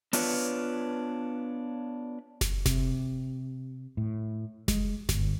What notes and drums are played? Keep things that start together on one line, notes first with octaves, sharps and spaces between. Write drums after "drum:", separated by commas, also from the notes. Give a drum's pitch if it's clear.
B3 D4 F4 B4 C#5, drum: open hi-hat
drum: snare F#1
C3, drum: snare F#1
A2
G#3, drum: snare F#1
G1, drum: snare F#1